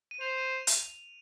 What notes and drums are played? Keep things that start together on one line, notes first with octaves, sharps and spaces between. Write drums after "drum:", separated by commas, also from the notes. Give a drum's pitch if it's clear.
D#7
C5 F7
D#7
drum: hi-hat